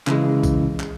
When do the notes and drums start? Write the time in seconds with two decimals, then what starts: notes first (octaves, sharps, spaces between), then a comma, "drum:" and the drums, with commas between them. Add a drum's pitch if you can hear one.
0.07 C#3 E3 G#3, drum: clap
0.43 drum: kick, tambourine
0.80 drum: clap